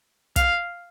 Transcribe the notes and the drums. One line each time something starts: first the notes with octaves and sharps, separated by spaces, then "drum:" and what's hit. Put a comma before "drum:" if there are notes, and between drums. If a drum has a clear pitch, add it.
F5, drum: kick, hi-hat